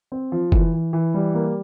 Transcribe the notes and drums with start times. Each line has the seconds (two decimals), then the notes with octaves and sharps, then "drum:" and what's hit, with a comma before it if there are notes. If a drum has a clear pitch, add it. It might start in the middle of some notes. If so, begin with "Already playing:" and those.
0.12 C4
0.32 F3
0.52 E3, drum: kick F1
0.73 E3
0.93 E3
1.14 G3
1.35 A#3